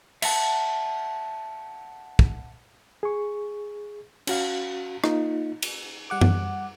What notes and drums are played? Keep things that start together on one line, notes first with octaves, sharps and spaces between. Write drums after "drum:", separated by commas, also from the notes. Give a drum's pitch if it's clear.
E5 F#5 A5, drum: cymbal
drum: kick
G#4 C#6
C#4 F#4 F5, drum: cymbal
A#3 D#4 F4, drum: rim click
drum: cymbal
G3 F#5 D6
drum: tom F#2